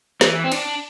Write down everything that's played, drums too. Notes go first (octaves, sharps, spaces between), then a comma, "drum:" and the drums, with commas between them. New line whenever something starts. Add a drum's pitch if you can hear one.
E3, drum: snare
C4
D4, drum: cymbal